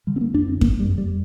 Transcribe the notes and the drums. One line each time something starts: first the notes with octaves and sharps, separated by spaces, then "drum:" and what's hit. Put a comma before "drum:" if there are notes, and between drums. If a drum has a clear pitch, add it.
D3 G3
C4
A#3
F2 D4
C4
F2 A#3, drum: kick F#2
G3
F2
G3